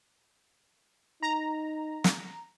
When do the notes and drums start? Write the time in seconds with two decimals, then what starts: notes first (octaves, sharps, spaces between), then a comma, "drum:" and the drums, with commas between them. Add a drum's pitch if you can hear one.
1.23 D#4 A#5
2.04 drum: snare